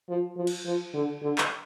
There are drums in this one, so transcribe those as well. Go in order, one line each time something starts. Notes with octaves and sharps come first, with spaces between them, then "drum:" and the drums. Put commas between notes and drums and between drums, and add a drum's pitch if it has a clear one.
F3
F3
drum: cymbal
F3
D3
D3
drum: clap